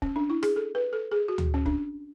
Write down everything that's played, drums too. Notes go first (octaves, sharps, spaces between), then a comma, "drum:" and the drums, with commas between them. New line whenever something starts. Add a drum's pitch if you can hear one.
C#4, drum: kick
D4
E4
G#4, drum: rim click
A4
B4
A4
G#4
F#4
drum: tom D2
C#4
D4, drum: kick